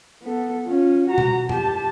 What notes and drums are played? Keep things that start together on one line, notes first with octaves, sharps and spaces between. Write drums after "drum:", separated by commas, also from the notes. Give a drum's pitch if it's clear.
B3 A4
C#4 F4
F#4 A#5
drum: tom B2
G4 A5, drum: tom G2